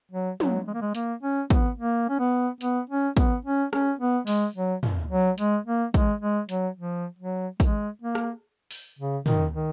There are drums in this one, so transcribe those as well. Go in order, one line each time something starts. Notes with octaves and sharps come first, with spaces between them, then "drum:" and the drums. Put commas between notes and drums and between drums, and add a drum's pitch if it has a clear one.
F#3
F#3, drum: tom
G#3
A#3
G#3
A#3, drum: hi-hat
C#4
B3, drum: kick, hi-hat
A#3
C#4
B3
B3, drum: hi-hat
C#4
B3, drum: kick, hi-hat
C#4
C#4, drum: rim click
B3
G#3, drum: open hi-hat
F#3
drum: tom
F#3
G#3, drum: hi-hat
A#3
G#3, drum: kick, hi-hat
G#3
F#3, drum: hi-hat
F3
F#3
G#3, drum: kick, hi-hat
A#3
drum: rim click
drum: open hi-hat
C#3
D#3, drum: tom
D#3